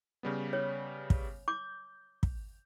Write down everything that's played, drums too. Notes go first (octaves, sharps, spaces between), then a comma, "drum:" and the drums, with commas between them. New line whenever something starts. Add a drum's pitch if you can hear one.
C#3 G3 B3
C#5
drum: kick
D6 G6
drum: kick